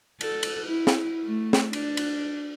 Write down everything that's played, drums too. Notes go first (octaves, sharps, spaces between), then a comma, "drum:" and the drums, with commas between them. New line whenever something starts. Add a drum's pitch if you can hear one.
A4, drum: cymbal
drum: cymbal
E4
drum: snare
A3
drum: snare
D4, drum: cymbal
drum: cymbal